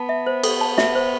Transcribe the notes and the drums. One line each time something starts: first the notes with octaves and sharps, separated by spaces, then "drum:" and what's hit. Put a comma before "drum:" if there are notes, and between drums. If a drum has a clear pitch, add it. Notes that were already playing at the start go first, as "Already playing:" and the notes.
Already playing: B3 A5
E5
C5
A4, drum: cymbal
A5
E5, drum: snare
C5